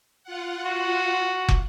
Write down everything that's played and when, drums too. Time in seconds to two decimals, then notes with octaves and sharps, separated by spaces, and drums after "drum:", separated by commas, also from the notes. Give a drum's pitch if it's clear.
0.24 F4 F#5
0.65 F#4
1.48 drum: kick